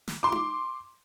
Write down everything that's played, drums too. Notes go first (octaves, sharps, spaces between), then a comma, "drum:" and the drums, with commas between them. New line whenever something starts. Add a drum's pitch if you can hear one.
drum: snare
C6 D6
drum: tom D#4